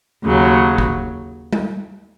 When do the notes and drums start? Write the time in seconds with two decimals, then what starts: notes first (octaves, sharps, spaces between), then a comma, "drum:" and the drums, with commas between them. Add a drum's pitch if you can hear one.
0.24 D#2 C#3 F#3
0.78 drum: kick
1.53 drum: tom G3